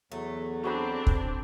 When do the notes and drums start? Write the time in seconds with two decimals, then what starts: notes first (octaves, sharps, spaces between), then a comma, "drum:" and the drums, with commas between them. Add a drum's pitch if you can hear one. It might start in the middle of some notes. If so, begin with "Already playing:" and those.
0.12 E2 F#3 A3
0.64 C4 D4 F#4 G#4 B5
1.07 drum: kick